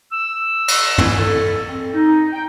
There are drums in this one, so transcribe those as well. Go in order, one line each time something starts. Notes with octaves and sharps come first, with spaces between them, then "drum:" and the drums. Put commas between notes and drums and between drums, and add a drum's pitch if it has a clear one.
E6
drum: cymbal
E4, drum: tom
A4
C4
D#4
G5